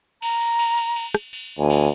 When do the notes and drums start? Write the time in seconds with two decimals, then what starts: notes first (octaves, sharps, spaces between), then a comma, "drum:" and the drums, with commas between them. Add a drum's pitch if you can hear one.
0.22 A#5, drum: cymbal
0.41 drum: cymbal
0.59 drum: cymbal
0.78 drum: cymbal
0.96 drum: cymbal
1.15 drum: rim click
1.33 drum: cymbal
1.59 D2 G#5
1.70 drum: cymbal